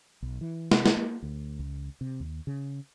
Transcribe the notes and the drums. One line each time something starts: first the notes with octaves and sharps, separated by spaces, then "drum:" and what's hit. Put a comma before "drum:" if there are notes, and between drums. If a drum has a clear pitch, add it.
B1
E3
C3, drum: snare
drum: snare
A#3
D2
C#2
C3
D#2
C#3